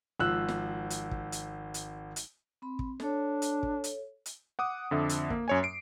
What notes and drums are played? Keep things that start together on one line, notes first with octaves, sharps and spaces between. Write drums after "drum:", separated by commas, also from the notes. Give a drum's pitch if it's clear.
G#1 F3 E6 F#6
drum: snare
drum: hi-hat
drum: kick
drum: hi-hat
drum: hi-hat
drum: hi-hat
C4 B5
drum: kick
D4 A4 C#5, drum: snare
drum: hi-hat
drum: kick
drum: hi-hat
drum: hi-hat
F#5 D6 D#6
F2 D3 E5
drum: hi-hat
A#3, drum: kick
F#2 C#5 G#5
C7 D7